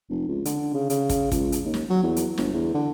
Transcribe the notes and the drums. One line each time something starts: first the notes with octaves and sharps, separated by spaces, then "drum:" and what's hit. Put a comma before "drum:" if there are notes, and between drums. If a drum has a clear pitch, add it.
F1
C#2
D3, drum: hi-hat
C#3
C#3, drum: hi-hat
drum: kick, hi-hat
C#2, drum: kick, hi-hat
drum: hi-hat
D#2
drum: snare
F#3
E2
drum: hi-hat
G1, drum: snare
E2
D3